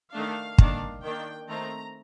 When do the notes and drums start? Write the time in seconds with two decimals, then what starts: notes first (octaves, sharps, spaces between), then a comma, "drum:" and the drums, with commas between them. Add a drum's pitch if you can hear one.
0.13 D#3 A3 D4 F5
0.58 D#3 A#3 D4, drum: kick
1.03 D#3 A#3 D4 G5
1.48 D#3 A3 C4 A#5